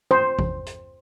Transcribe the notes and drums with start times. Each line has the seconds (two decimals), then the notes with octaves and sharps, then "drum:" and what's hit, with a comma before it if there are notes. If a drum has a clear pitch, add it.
0.11 C5, drum: tom G2
0.39 drum: kick
0.66 drum: hi-hat